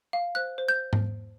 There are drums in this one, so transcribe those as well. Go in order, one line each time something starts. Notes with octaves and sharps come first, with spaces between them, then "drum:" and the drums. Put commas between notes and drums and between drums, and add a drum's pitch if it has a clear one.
F5
C5 F#6
C5
G6
drum: tom G#2